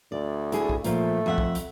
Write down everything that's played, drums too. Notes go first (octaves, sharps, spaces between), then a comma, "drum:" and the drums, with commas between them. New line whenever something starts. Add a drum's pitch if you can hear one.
D2 D5
E4 G#4, drum: hi-hat
drum: kick
A#2 F3 A3, drum: hi-hat
F2 E5 F#5
drum: kick
drum: hi-hat